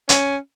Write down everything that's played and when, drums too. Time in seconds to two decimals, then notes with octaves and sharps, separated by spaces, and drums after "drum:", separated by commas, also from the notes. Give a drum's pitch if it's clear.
0.09 C#4, drum: hi-hat